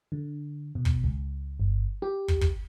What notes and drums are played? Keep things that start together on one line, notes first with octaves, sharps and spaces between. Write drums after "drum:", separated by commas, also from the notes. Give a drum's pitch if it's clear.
D3
B2
drum: kick
C#2
G1
G4
drum: kick
drum: kick